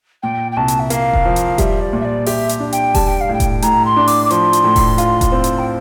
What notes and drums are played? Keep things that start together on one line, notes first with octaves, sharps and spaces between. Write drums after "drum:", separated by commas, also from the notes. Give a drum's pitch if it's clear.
A#2 G5
G5
C2 A5
drum: hi-hat
E5
A#3 F5, drum: hi-hat
drum: kick E1
F3
drum: hi-hat
G3 E5, drum: kick E1, hi-hat
D5
A#2
E5
D5
G4 E5, drum: open hi-hat
drum: hi-hat
D4
G5, drum: hi-hat
G3 A5, drum: kick E1, open hi-hat
G5
F5
A2 G5
drum: kick E1, hi-hat
A2 A#5, drum: hi-hat
C6
D4
D6, drum: open hi-hat
D6
F3 C6, drum: hi-hat
drum: hi-hat
A2
drum: kick E1, open hi-hat
F4, drum: hi-hat
drum: kick E1, hi-hat
C4
drum: hi-hat
G5